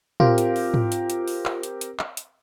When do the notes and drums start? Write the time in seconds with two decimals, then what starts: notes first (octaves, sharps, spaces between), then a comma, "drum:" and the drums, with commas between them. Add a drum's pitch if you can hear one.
0.20 C4 F4 G4 A#4, drum: tom
0.38 drum: hi-hat
0.56 drum: open hi-hat
0.74 drum: tom G#2
0.92 drum: hi-hat
1.10 drum: hi-hat
1.28 drum: open hi-hat
1.45 drum: clap
1.63 drum: hi-hat
1.81 drum: hi-hat
1.99 drum: clap
2.17 drum: hi-hat